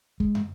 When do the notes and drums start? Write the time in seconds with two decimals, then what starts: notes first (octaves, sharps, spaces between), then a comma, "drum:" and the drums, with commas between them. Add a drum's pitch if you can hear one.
0.20 G#3, drum: kick
0.35 drum: tom